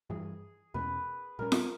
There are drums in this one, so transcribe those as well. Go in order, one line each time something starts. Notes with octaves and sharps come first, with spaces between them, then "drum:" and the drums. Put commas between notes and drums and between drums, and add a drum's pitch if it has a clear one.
G2 E3 G3 G#4
E2 B2 G#3 C#4 B4
A#2 G3 C#4 A#4
drum: snare F4